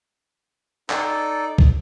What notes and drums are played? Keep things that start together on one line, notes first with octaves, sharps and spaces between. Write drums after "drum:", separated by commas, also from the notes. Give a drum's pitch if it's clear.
D#4 A4 D5, drum: clap
drum: kick